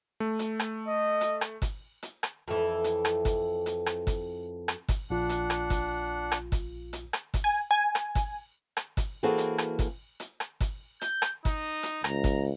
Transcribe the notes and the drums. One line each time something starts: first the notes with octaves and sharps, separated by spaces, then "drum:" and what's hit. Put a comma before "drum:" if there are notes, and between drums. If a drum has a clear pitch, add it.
A3
drum: hi-hat
drum: rim click
D#5
drum: hi-hat
drum: rim click
drum: kick G1, hi-hat
drum: hi-hat
drum: rim click
F2 E3
drum: hi-hat
drum: rim click
drum: kick G1, hi-hat
drum: hi-hat
drum: rim click
drum: kick G1, hi-hat
drum: rim click
drum: kick G1, hi-hat
A#1 D4 F4 F#5
drum: hi-hat
drum: rim click
drum: kick G1, hi-hat
drum: rim click
drum: kick G1, hi-hat
drum: hi-hat
drum: rim click
drum: kick G1, hi-hat
G#5
G#5
drum: rim click
drum: kick G1, hi-hat
drum: rim click
drum: kick G1, hi-hat
E3 A#3 C4 F#4 G#4 A4
drum: hi-hat
drum: rim click
drum: kick G1, hi-hat
drum: hi-hat
drum: rim click
drum: kick G1, hi-hat
G6, drum: hi-hat
drum: rim click
D#4, drum: kick G1, hi-hat
drum: hi-hat
C#2 A#5, drum: rim click
drum: kick G1, hi-hat